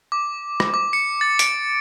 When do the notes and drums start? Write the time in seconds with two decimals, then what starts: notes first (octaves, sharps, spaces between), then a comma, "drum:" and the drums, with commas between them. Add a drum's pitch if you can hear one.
0.12 D6
0.60 drum: rim click
0.74 D6
0.93 C#7
1.21 A6
1.39 D7, drum: hi-hat